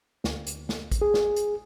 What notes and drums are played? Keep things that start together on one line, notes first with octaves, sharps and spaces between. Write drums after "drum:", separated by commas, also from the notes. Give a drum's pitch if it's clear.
D2, drum: snare
drum: hi-hat
drum: snare
drum: kick, hi-hat
G#4
drum: snare
drum: hi-hat